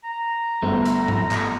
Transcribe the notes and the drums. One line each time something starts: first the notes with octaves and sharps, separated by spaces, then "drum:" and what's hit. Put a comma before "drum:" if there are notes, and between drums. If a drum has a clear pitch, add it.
A#5
G1 A3
drum: hi-hat
drum: tom G#2
drum: clap